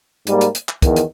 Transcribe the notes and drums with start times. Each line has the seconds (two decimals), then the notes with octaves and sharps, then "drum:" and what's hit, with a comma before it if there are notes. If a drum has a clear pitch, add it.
0.27 G#2 G3 A#3, drum: hi-hat
0.41 drum: hi-hat
0.55 drum: hi-hat
0.69 drum: clap
0.82 E2 D#3, drum: kick, hi-hat
0.96 drum: hi-hat